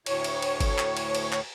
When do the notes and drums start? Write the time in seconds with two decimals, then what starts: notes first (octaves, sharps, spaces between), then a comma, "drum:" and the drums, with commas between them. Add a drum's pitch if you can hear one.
0.06 D2 A2 C#5, drum: cymbal
0.24 drum: cymbal
0.42 drum: cymbal
0.60 drum: kick G1, cymbal
0.79 drum: clap
0.97 drum: cymbal
1.15 drum: cymbal
1.33 drum: clap